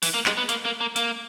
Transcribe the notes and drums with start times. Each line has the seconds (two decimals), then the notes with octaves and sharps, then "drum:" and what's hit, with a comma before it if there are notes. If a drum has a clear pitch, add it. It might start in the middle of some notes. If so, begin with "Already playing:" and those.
0.03 E3, drum: open hi-hat
0.14 A#3
0.26 G#3, drum: clap
0.37 B3
0.49 A#3, drum: hi-hat
0.65 A#3
0.81 A#3
0.96 A#3, drum: hi-hat